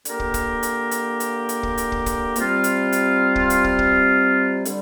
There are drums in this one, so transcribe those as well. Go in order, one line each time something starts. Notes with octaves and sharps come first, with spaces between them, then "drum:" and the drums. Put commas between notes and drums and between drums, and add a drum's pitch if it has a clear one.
D3 A#3 G4 A#4, drum: hi-hat
drum: kick
drum: kick, hi-hat
drum: hi-hat
drum: hi-hat
drum: hi-hat
drum: hi-hat
drum: kick
drum: hi-hat
drum: kick
drum: kick, hi-hat
C3 G3 C4 F4, drum: hi-hat
drum: hi-hat
drum: hi-hat
drum: kick
drum: hi-hat
drum: kick
drum: kick
D3 G3, drum: hi-hat